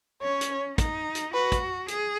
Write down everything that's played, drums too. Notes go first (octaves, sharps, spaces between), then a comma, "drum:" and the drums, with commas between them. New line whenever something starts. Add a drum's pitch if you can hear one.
C#4 C#5
drum: hi-hat
D#4, drum: kick, hi-hat
drum: hi-hat
F#4 B4
drum: kick, hi-hat
G#4, drum: hi-hat